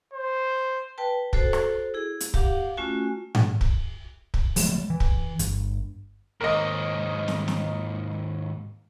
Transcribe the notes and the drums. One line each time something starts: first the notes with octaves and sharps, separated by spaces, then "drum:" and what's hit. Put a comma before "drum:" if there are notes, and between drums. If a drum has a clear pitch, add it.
C5
B4 G5 A5
F#4 A4 C5, drum: kick
drum: rim click
E4 G#4
drum: hi-hat
G4 F5 F#5 D6, drum: kick
A3 C#4 F4 F#4 G#5
drum: tom G#2
drum: kick
drum: kick
F3 F#3 G#3 A3, drum: open hi-hat
E3
drum: kick
G1, drum: hi-hat
D#2 G#2 A#4 D#5
drum: snare
drum: snare